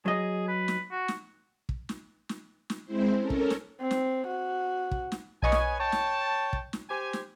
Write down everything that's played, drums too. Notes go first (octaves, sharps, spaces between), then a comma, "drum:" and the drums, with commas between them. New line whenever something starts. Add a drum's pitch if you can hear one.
F#3 G#4 D#5
B4
drum: snare
F#4
drum: snare
drum: kick
drum: snare
drum: snare
drum: snare
G#3 C4 E4 C5
C#4 A4 A#4
drum: kick
drum: snare
C4
drum: snare
F#4
drum: kick
drum: snare
B1 B4 C#5 D#5 G#5 C#6
drum: snare
C#5 G5 A5
drum: snare
drum: kick
drum: snare
G4 C5 G#5
drum: snare